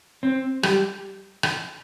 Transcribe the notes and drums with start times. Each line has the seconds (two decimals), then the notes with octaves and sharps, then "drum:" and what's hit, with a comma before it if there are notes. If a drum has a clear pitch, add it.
0.23 C4
0.63 G3, drum: rim click
1.43 drum: rim click